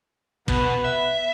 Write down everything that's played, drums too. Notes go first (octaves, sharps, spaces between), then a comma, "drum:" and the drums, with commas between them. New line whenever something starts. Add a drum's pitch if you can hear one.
B2 B3 B4, drum: kick
E5